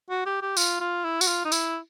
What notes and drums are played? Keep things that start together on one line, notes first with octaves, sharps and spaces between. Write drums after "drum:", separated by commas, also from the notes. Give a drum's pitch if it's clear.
F#4
G4
G4
F4, drum: tambourine
F4
E4
F#4, drum: tambourine
F4
D#4
E4, drum: tambourine